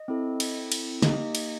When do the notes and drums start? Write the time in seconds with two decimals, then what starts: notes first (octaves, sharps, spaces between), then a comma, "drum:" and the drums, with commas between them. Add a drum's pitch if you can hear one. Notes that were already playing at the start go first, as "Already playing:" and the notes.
Already playing: D#5
0.08 C4 E4 A4
0.40 drum: cymbal
0.72 drum: cymbal
1.03 A#3 D#4 G4 D#5, drum: snare
1.35 drum: cymbal